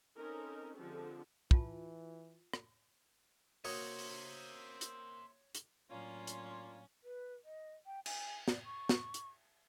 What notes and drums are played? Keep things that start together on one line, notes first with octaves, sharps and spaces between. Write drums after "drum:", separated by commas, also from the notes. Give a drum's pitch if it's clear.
C4 C#4 D#4 A4 A#4
D3 F3 G#3 C4 G4 A4
E3 F4 A5, drum: kick
drum: rim click
A#3 F#4 C5 C#5 E5 D#6, drum: open hi-hat
drum: open hi-hat
drum: hi-hat
drum: hi-hat
A2 F#3 A#3 C#4 D4 F4 F5 C6
drum: hi-hat
B4
D#5
G5
G#5, drum: cymbal
D5, drum: snare
C#6
drum: snare
drum: hi-hat